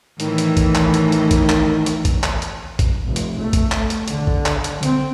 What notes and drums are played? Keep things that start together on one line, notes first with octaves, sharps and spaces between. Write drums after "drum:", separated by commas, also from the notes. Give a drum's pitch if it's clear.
A2 D#3 E3, drum: hi-hat
drum: hi-hat
drum: kick A1, hi-hat
drum: clap
drum: hi-hat
drum: hi-hat
drum: kick A1, hi-hat
drum: clap
drum: hi-hat
drum: kick A1, hi-hat
drum: clap
drum: hi-hat
drum: kick A1, hi-hat
F1
drum: hi-hat
A3
drum: kick A1, hi-hat
drum: clap
drum: hi-hat
D3, drum: hi-hat
drum: kick A1
drum: clap
drum: hi-hat
C4, drum: hi-hat